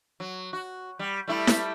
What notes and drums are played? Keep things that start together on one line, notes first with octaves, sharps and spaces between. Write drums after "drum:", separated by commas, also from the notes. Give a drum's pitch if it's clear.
F#3
F#4
G3
G3 A3 E4
drum: snare E4